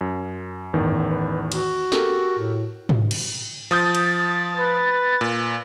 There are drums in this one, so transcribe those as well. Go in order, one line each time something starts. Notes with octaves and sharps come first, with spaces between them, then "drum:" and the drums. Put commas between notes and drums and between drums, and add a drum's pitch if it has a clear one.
F#2
A1 E2 G2 D#3
B4
F#4, drum: cymbal
G4 A4 A#4, drum: snare
A2
drum: tom
drum: cymbal
F3 D#6 G6 A6
drum: cymbal
B4
A#2